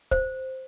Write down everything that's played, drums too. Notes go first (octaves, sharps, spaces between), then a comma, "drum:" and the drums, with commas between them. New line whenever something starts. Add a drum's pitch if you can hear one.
C5, drum: kick